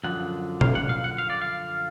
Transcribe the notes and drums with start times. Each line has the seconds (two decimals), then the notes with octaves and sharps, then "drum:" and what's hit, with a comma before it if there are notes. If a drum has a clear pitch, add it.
0.04 F#2 D3 F3 F#5
0.61 F5, drum: tom B2
0.75 F#5
0.89 F5
1.04 F#5
1.18 F5
1.30 D5
1.42 F5